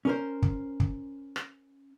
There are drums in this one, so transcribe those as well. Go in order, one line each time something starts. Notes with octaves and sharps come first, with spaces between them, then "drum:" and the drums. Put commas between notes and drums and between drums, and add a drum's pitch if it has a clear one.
C#4 A#4 C5
drum: kick
drum: kick
drum: rim click